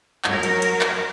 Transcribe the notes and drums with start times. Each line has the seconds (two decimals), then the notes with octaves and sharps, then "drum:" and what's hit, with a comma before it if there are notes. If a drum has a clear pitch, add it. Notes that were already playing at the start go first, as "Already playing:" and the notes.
0.24 F#3 A#4, drum: clap
0.43 drum: cymbal
0.62 drum: cymbal
0.81 drum: clap